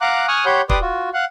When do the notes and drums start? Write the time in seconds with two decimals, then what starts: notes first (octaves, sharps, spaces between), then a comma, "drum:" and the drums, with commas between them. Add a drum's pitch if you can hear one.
0.01 F5 F#5 A#5 D6 F#6
0.28 G#5 C#6 D#6 F6 F#6
0.46 G4 C#5 F#5 B5 C6 G6
0.70 G4 B4 D5 C6 D6 D#6, drum: kick
0.82 F4 F#4
1.14 F5 F#5 F#6